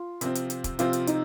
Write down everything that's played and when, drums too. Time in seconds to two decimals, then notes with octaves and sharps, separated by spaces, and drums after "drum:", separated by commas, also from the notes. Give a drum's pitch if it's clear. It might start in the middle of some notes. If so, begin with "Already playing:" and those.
Already playing: F4
0.21 C3 F3 C4, drum: hi-hat
0.35 drum: hi-hat
0.50 drum: hi-hat
0.64 drum: kick, hi-hat
0.79 C3 F3 C4 F4, drum: hi-hat
0.93 drum: hi-hat
1.07 D#4, drum: hi-hat